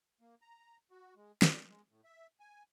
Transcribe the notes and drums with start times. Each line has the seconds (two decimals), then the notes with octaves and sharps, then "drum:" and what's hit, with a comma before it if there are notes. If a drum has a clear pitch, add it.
0.21 A#3
0.42 A#5
0.91 F#4
1.16 G#3
1.42 D5, drum: snare
1.69 G#3
1.90 A2
2.04 E5
2.40 G#5